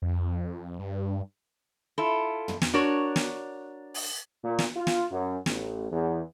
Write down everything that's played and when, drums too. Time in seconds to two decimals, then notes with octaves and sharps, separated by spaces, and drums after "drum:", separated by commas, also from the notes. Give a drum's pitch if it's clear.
0.02 F2
0.79 G2
1.98 E4 F4 A4
2.48 drum: tom
2.62 drum: snare
2.74 D4 F#4 A#4 C#5
3.16 drum: snare
3.94 drum: open hi-hat
4.43 A#2
4.59 drum: snare
4.76 F4
4.87 drum: snare
5.11 F#2
5.46 A1, drum: snare
5.91 E2